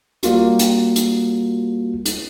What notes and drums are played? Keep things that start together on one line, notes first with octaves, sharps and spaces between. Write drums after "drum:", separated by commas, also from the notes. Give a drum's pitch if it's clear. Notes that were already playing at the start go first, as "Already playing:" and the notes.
G3 A#3 F4 F#4, drum: hi-hat
drum: hi-hat
drum: hi-hat
drum: hi-hat